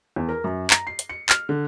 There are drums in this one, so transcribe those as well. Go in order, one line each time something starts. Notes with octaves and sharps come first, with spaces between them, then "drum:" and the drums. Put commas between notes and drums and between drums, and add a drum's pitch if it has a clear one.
E2
A#4
F#2
A#5, drum: clap
C7
drum: hi-hat
C#7
F6, drum: clap
D3